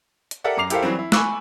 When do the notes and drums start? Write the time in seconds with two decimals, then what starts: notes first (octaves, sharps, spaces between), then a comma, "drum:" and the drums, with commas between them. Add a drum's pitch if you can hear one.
0.31 drum: hi-hat
0.44 G4 A4 A#4 D5 E5 F#5
0.57 F#2 A#5 D6 C7 F7
0.70 E4 G4 A4 A#4 C5 F5, drum: hi-hat
0.82 E3 F#3 G3 C4
0.99 E4
1.12 G#5 B5 C#6 D6 E6 F#6, drum: snare